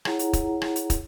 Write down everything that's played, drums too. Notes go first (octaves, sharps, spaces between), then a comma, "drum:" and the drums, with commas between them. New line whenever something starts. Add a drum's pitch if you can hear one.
E4 F4 G#4 C#5 F#5 A#5, drum: rim click
drum: hi-hat
drum: kick, hi-hat
drum: rim click
drum: hi-hat
drum: kick, hi-hat